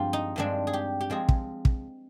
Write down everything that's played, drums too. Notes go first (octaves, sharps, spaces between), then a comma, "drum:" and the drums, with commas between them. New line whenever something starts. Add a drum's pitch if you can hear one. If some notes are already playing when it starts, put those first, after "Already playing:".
Already playing: G2 F3 G#3 C4 F4 G4
D#4
G2 F3 G#3 C4 D4
G#4
G4
G4
F3 G#3 C4 G#4
drum: kick
drum: kick